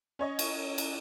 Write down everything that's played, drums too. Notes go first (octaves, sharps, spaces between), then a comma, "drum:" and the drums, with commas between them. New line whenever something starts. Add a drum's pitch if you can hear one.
C#4 C#5 D#5
drum: cymbal
drum: cymbal